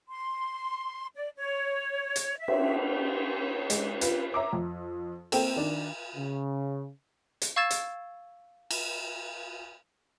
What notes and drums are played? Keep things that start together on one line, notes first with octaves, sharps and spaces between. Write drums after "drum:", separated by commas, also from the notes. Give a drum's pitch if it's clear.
C6
D5
C#5
drum: hi-hat
E5
drum: cymbal
G#3, drum: hi-hat
F4 B4, drum: hi-hat
C#5 E5 A#5 D6
F2
A#3 C4 A4 G5, drum: cymbal
D#3 D4
C#3
drum: hi-hat
F5 C#6 E6 G#6 A6 E7
drum: hi-hat
drum: cymbal